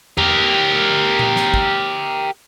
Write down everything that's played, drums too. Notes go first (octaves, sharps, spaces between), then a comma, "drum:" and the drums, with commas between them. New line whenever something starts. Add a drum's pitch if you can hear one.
G4 A#4, drum: tom E2
drum: tom A#2
drum: snare
drum: kick